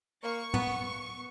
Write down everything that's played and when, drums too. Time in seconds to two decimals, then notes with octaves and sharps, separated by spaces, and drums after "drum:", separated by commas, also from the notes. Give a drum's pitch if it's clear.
0.24 A#3 C#6
0.54 B3, drum: tom